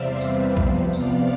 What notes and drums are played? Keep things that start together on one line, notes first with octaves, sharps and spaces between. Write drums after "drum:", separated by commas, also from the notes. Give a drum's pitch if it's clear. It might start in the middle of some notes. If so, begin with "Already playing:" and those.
Already playing: E2 C3 G3 C4 C5 D5 E5 F5
B4 D5, drum: tambourine
C3 F3 B3, drum: kick B1
D5 F5, drum: tambourine